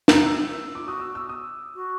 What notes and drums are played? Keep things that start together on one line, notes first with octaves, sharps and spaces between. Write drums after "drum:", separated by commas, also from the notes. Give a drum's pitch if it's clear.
A#5, drum: snare
E6
F4 D6
F#4 D#6
E6
E6
D#6
F#4